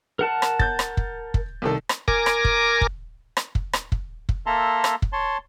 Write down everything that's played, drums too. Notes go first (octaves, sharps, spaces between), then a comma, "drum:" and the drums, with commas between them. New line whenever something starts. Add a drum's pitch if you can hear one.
A#4 F#5 A5
drum: rim click
G6 A6, drum: kick
drum: rim click
drum: kick
drum: kick
C2 D#3 A4
drum: rim click
A#4 G#5 D6 A#6, drum: kick
drum: rim click
drum: kick
drum: kick
drum: rim click
drum: kick
drum: rim click
drum: kick
drum: kick
A#3 A4 E5 A5 A#5 C6
drum: rim click
drum: kick
C#5 A5 C6